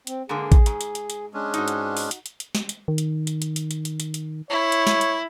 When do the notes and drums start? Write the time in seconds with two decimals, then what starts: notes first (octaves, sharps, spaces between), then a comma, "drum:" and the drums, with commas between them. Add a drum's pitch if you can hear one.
0.07 C4, drum: hi-hat
0.29 G#2 D3 A#3 G#4
0.52 drum: kick A1, hi-hat
0.66 G#2, drum: hi-hat
0.81 drum: hi-hat
0.95 drum: hi-hat
1.10 drum: hi-hat
1.34 G#3 C#4 D4
1.54 G#2 D#4 F#4, drum: hi-hat
1.68 drum: hi-hat
1.97 drum: open hi-hat
2.11 drum: hi-hat
2.26 drum: hi-hat
2.40 drum: hi-hat
2.55 drum: snare
2.69 drum: hi-hat
2.88 D#3
2.98 drum: hi-hat
3.27 drum: hi-hat
3.42 drum: hi-hat
3.56 drum: hi-hat
3.71 drum: hi-hat
3.85 drum: hi-hat
4.00 drum: hi-hat
4.14 drum: hi-hat
4.50 E4 C#5
4.72 drum: hi-hat
4.87 drum: snare
5.01 drum: hi-hat